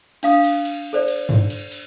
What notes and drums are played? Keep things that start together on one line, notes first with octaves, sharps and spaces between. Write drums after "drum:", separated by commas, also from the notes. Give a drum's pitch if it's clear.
D4 F5 D#6, drum: cymbal
drum: cymbal
drum: cymbal
A4 C5 D5
drum: cymbal
drum: tom G2
drum: cymbal
drum: cymbal